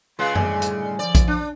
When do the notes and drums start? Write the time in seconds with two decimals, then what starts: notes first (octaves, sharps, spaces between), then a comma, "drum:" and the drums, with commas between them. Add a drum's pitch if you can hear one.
0.19 C#3 G#3 F4 B4 F5
0.35 A2 D3 G3, drum: tom F#2
0.62 drum: hi-hat
0.99 D3 F3 D5
1.15 drum: kick A#1, hi-hat
1.27 D4